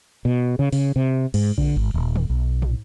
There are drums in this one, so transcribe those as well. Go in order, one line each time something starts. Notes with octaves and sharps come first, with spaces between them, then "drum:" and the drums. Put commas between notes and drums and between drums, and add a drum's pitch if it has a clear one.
B2
C#3
C#3, drum: open hi-hat
C3
G#2, drum: cymbal
D3, drum: kick A#1
G#1
D#1
drum: tom
B1
drum: tom